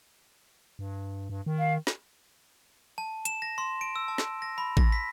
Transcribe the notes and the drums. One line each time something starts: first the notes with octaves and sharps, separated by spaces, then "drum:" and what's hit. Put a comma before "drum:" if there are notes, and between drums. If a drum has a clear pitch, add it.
G2
G2
D#3
F5
drum: snare
A5
E7, drum: hi-hat
A#6
C6
D7
E6
A5
drum: snare
A#6
B5
A#6, drum: kick A1
B6